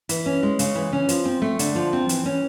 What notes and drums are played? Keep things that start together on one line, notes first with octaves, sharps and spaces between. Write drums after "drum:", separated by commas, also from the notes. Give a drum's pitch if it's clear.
E3, drum: hi-hat
C#4
G#3
C#3, drum: hi-hat
E3
C#4
F3, drum: hi-hat
C4
A3
D3, drum: hi-hat
F3
C4
E3, drum: hi-hat
C#4